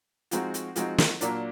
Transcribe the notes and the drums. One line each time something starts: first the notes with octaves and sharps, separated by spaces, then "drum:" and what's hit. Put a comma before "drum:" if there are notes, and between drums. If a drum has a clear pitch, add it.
F3 G#3 C4 D#4 F#4, drum: hi-hat
drum: hi-hat
F3 G#3 C4 D#4 F#4, drum: hi-hat
drum: snare
A#2 F#3 A#3 D4, drum: hi-hat